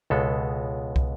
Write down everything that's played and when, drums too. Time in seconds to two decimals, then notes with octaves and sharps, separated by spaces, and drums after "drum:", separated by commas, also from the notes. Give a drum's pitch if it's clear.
0.10 C#2 B2 G#3 B3 A4
0.96 drum: kick